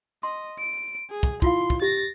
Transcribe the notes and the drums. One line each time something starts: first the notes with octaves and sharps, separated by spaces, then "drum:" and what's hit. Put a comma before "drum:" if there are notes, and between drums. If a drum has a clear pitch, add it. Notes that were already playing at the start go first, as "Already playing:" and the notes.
D#5 C6
D7
G#4
drum: kick
E4 F4 F5 C6, drum: kick
drum: kick
G4 A6 A#6